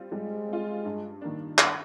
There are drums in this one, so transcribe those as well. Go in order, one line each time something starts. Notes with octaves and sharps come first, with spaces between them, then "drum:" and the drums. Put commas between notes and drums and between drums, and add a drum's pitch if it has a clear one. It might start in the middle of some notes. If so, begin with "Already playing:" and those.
Already playing: G3 C4 F4
G3 G#3
C4 F4
G2
D#3 A#3 D4
G2, drum: clap